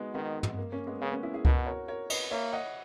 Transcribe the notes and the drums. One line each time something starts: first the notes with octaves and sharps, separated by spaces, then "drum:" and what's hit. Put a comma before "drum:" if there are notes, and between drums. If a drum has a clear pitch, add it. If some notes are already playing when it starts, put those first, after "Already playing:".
Already playing: G#3 B3 D#4 F#4
D#3 G#3 B3
drum: tom
A#3
A#3 C#4
G#3 B3
C#3 G#3 B3
A#3 C#4
C#4 E4
E4 G#4
B2 F#4 A#4, drum: kick C#2
A#4 C#5
A#4 C#5
B4 D#5, drum: cymbal
A#3 C#5 E5
D#5 F#5